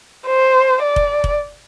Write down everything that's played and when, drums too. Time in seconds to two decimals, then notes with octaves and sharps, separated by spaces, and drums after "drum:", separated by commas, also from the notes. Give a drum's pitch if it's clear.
0.27 C5
0.83 D5
0.96 drum: kick F1
1.24 drum: kick F1